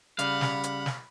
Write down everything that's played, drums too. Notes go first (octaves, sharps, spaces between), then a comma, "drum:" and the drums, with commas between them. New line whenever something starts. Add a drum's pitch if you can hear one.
C#3 G3 F5 F#5 B5, drum: hi-hat
drum: snare
drum: hi-hat
drum: snare